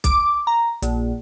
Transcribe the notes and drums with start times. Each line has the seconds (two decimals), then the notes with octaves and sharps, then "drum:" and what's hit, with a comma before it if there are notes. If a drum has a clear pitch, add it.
0.04 D6, drum: kick B1, hi-hat
0.47 A#5
0.82 A#1, drum: hi-hat